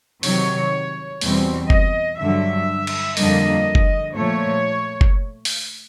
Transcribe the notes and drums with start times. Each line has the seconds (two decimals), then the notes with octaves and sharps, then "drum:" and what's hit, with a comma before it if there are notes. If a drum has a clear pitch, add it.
0.23 C3 D#3 F#3 C#5, drum: open hi-hat
1.21 E2 B2 G3 C4, drum: open hi-hat
1.70 D#5, drum: kick F#1
2.19 G2 D3 F#3 E5
2.87 drum: cymbal
3.17 F2 D3 G3 A#3 D#5, drum: open hi-hat
3.75 drum: kick F#1
4.15 A#2 F3 A3 C#5
5.01 drum: kick F#1
5.45 drum: open hi-hat